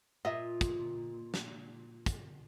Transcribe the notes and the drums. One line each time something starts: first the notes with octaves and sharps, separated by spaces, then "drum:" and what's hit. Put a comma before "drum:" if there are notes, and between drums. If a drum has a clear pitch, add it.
A#2 D#5 E5
drum: kick, hi-hat
drum: snare
drum: kick, hi-hat